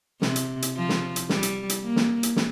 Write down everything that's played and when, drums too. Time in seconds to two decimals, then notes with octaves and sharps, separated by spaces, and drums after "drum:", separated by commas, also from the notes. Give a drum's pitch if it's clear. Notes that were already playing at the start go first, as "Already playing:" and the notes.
0.22 C3, drum: snare
0.36 drum: hi-hat
0.62 drum: hi-hat
0.76 F3
0.89 drum: snare
1.16 drum: hi-hat
1.29 G3, drum: snare
1.43 drum: hi-hat
1.69 drum: hi-hat
1.83 A#3
1.96 drum: snare
2.23 drum: hi-hat
2.36 drum: snare